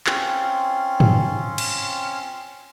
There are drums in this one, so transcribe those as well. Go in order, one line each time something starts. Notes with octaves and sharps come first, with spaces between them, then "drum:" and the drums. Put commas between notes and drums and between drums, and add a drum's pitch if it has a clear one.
C4 C#4 F4, drum: clap
drum: tom
drum: cymbal